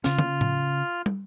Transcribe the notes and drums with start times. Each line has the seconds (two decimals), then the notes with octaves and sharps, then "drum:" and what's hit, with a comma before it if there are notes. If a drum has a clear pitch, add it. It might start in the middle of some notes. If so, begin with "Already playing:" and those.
0.04 C#3 C#4 F4 F6, drum: snare
0.19 drum: tom
0.41 drum: tom A2
1.06 drum: tom